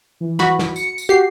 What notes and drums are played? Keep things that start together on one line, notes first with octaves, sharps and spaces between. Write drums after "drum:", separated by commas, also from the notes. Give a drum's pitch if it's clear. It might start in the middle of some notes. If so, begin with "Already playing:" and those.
E3
F#4 B5, drum: snare
drum: snare
C#7, drum: tambourine
drum: tambourine
F#4 G4 C7